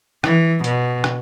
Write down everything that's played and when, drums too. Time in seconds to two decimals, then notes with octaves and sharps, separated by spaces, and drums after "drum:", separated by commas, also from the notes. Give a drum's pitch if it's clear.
0.24 E3, drum: rim click
0.64 B2, drum: hi-hat
1.04 drum: rim click